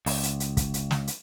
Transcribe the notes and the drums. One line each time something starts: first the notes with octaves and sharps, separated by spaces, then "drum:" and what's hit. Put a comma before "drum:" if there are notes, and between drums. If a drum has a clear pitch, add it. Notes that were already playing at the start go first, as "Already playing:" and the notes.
C#2, drum: open hi-hat
drum: hi-hat
drum: hi-hat
drum: kick, hi-hat
drum: hi-hat
drum: snare
drum: hi-hat